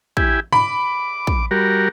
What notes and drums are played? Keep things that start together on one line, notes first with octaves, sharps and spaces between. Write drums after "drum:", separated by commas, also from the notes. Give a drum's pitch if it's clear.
E4 G4 G#5, drum: kick
B5 D6, drum: tom
drum: kick
G3 F#4 A#4